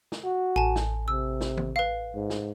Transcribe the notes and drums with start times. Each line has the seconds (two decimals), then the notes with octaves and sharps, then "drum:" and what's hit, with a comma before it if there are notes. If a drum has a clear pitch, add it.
0.12 drum: snare
0.24 F#4
0.56 A1 G#5 A5
0.76 drum: snare
1.08 C3 E6
1.41 drum: snare
1.57 drum: tom D#3
1.76 B4 F5
2.15 G#2
2.30 drum: snare